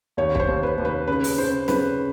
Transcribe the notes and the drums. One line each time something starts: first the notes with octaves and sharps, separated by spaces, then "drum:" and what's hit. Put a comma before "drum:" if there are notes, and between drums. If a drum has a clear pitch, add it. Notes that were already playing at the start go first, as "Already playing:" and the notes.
D#2 C#5
C#5, drum: kick
C5
D#2
B4
D#2
B4
C#3 B4
drum: open hi-hat
C#3 C5
C#3 B4, drum: snare